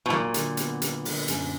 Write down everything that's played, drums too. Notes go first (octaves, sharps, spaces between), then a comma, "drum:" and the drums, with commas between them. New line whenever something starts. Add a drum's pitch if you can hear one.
B2
A#2 F#3, drum: rim click
D3, drum: hi-hat
B3, drum: hi-hat
B3, drum: hi-hat
D3, drum: open hi-hat
F#2, drum: hi-hat